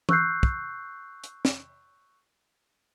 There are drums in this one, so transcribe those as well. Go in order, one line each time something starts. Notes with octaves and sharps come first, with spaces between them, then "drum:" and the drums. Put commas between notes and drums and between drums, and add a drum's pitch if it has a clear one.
C#6 E6 F#6 G6 C7, drum: tom E3
drum: kick
drum: hi-hat
drum: snare